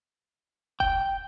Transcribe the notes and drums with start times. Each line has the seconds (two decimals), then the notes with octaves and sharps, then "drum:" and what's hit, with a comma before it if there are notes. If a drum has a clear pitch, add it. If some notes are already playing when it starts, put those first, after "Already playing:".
0.80 G5, drum: kick E1